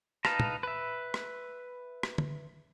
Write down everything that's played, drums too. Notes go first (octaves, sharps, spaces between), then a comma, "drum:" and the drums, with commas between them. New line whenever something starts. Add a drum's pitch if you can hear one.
D#4 B4 F5 A5 A#5, drum: rim click
drum: tom
B4 E5
drum: rim click
drum: rim click
drum: tom